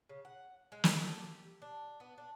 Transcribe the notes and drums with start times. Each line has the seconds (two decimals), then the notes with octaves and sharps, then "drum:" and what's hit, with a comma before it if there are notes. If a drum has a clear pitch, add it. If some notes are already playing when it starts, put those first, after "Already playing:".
0.09 C#3
0.25 F#5
0.72 G#3
0.84 drum: snare
1.03 A4
1.19 G4
1.62 D4
2.00 B3
2.18 D4